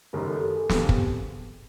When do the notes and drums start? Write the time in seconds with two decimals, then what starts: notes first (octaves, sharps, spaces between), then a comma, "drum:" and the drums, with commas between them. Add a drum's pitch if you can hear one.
0.13 F#1 F#2 D#3 G3 A#4
0.28 A4
0.42 A4
0.56 G#4
0.69 F2 D3 G3 B3 G#4, drum: snare
0.89 drum: kick